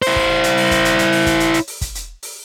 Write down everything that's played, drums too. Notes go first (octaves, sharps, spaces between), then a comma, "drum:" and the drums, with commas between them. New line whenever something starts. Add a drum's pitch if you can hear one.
E4 C5, drum: open hi-hat
drum: kick
drum: hi-hat
drum: open hi-hat
drum: kick, hi-hat
drum: hi-hat
drum: hi-hat
drum: open hi-hat
drum: kick, hi-hat
drum: hi-hat
drum: hi-hat
drum: open hi-hat
drum: kick, hi-hat
drum: hi-hat
drum: open hi-hat